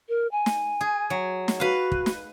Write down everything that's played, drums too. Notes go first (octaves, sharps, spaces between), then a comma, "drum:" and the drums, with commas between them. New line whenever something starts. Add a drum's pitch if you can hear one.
A#4
G#5
drum: snare
G#4
F#3
drum: snare
F#4 B4 F5
drum: kick
drum: snare